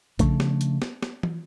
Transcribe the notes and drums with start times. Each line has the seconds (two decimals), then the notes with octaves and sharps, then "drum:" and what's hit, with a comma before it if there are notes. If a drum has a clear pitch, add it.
0.19 C#3 F3 A3 D4, drum: kick A#1, hi-hat
0.40 drum: snare
0.61 drum: hi-hat
0.82 drum: snare
1.03 drum: snare
1.23 drum: tom